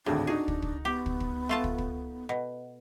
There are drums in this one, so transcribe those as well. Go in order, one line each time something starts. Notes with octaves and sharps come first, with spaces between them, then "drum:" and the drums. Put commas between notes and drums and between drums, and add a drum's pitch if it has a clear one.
G#1 D2 A2 D4 G#4
D#4 F#4 G#4
drum: kick
drum: kick
B3 G4
drum: kick
drum: kick
A3 F4 A5
drum: kick
drum: kick
B2